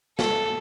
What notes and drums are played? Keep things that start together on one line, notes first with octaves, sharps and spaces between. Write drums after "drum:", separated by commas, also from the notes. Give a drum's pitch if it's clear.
A4, drum: snare